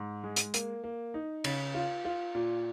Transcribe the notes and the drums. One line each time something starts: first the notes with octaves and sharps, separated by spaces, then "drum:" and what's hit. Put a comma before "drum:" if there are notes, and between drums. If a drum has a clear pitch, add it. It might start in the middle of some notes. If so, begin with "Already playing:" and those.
Already playing: G#2
G#3
drum: hi-hat
A#3, drum: hi-hat
A#3
D#4
C#3, drum: cymbal
F4
F4
A#2